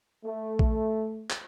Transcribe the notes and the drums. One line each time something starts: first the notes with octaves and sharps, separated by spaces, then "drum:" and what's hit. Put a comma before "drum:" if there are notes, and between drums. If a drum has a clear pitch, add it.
A3
drum: kick A#1
drum: clap